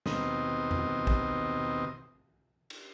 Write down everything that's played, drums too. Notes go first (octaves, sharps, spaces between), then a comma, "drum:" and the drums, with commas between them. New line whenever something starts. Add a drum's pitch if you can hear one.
D#2 B2 C4 D#5, drum: snare
drum: tom E2
drum: kick
drum: cymbal